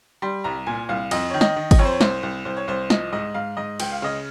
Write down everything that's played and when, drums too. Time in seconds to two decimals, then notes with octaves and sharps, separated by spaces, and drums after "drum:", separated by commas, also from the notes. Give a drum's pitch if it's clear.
0.22 G3 C6
0.44 C2 A#5
0.67 A#2 G#5
0.89 C2 F5
1.11 F2 D#5, drum: cymbal
1.30 D#3 C#5
1.41 D#5, drum: snare
1.56 D#3
1.71 D#5, drum: kick G#1, cymbal
1.79 F2 C#5
1.85 C5
1.92 C#5
2.01 C2 C5, drum: snare
2.23 C2
2.45 C2 C5
2.57 C#5
2.68 C2 C5
2.90 F3 D#5, drum: snare
3.13 G#2 D#5
3.34 G#2 F5
3.57 G#2 D#5
3.80 C#2 G5, drum: cymbal
3.92 F5
4.02 C#3 D#5